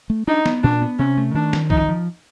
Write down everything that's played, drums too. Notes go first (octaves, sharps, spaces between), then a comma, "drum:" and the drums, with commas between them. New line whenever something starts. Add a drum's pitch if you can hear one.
A3
D4 D#4
B3, drum: snare
A#2 D4
B3
C3 C#4
A3
D#3 D4
D#3, drum: snare
F3 D#4, drum: kick C2
F3